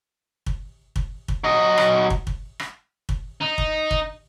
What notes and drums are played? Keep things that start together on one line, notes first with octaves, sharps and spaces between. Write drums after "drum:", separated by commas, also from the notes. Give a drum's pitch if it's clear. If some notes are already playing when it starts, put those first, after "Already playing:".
drum: kick
drum: kick
drum: kick
F#3 D#5
drum: rim click
drum: kick
drum: kick
drum: rim click
drum: kick
D#4
drum: kick
drum: kick